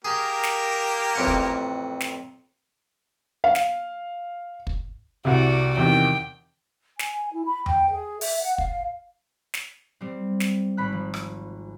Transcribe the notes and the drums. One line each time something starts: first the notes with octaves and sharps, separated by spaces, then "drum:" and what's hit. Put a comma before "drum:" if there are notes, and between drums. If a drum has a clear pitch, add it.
A#3 G4 G#4 A#4
drum: snare
A1 F2 F#5
drum: kick
drum: snare
F5
drum: snare
drum: kick
C2 C3 F#4 D5
E2 C3 D#3 G5
G#5, drum: snare
E4
B5
G5, drum: tom E2
G#4
E5, drum: open hi-hat
F#5
F5, drum: kick
drum: snare
G3 C4
drum: snare
G#1 B5 F#6
F3
drum: rim click